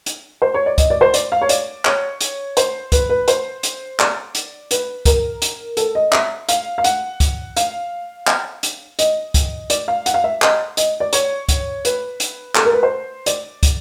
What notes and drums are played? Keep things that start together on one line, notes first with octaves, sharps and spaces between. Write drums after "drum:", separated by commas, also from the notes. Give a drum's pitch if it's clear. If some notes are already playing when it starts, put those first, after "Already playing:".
drum: hi-hat
C5
C#5
D5
D#5, drum: kick, hi-hat
D5
C5
D5, drum: hi-hat
F5
C#5
D5, drum: hi-hat
C#5, drum: clap
drum: hi-hat
C5, drum: hi-hat
B4, drum: kick, hi-hat
B4
C5, drum: hi-hat
drum: hi-hat
D5, drum: clap
drum: hi-hat
B4, drum: hi-hat
A#4, drum: kick, hi-hat
drum: hi-hat
A4, drum: hi-hat
D#5
E5, drum: clap
F5, drum: hi-hat
F5
F#5, drum: hi-hat
drum: kick, hi-hat
F5, drum: hi-hat
drum: clap
drum: hi-hat
D#5, drum: hi-hat
drum: kick, hi-hat
D5, drum: hi-hat
F5
F#5, drum: hi-hat
F5
E5
D#5, drum: clap
D#5, drum: hi-hat
D5
C#5, drum: hi-hat
drum: kick, hi-hat
B4, drum: hi-hat
drum: hi-hat
A4, drum: clap
A#4
B4
C5
D5, drum: hi-hat
drum: kick, hi-hat